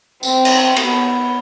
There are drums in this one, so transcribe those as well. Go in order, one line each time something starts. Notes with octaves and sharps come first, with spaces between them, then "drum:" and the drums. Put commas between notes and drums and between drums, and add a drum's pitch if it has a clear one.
C4, drum: tambourine
drum: cymbal
B3, drum: cymbal